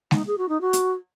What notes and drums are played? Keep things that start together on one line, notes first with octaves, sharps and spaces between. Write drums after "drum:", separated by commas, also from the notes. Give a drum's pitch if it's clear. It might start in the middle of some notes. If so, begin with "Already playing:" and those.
D#4, drum: snare G#3
G#4
F#4
D#4
F#4
drum: hi-hat